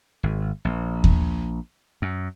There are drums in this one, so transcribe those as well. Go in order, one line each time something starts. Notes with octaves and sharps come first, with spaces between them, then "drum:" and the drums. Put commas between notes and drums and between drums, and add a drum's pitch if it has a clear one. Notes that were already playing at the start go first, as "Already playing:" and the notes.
G#1
A#1
drum: kick D#2
F#2